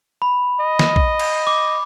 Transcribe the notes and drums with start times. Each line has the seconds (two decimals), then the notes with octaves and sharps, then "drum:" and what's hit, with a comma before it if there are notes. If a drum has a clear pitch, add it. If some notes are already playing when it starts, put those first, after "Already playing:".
0.22 B5
0.60 D#5
0.79 drum: snare
0.96 drum: kick A#1
1.19 drum: cymbal
1.47 D6